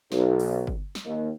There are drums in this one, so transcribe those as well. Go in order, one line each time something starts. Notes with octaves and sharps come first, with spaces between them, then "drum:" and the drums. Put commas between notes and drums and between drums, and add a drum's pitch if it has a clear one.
B1, drum: snare
drum: open hi-hat
drum: kick G1
drum: snare
D#2